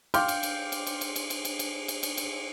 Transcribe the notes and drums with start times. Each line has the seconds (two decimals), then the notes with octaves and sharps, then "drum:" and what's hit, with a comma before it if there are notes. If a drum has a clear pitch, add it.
0.14 F5 G5 C6 D6 F6 G6, drum: cymbal
0.28 drum: cymbal
0.43 drum: cymbal
0.72 drum: cymbal
0.87 drum: cymbal
1.01 drum: cymbal
1.16 drum: cymbal
1.30 drum: cymbal
1.45 drum: cymbal
1.59 drum: cymbal
1.88 drum: cymbal
2.03 drum: cymbal
2.17 drum: cymbal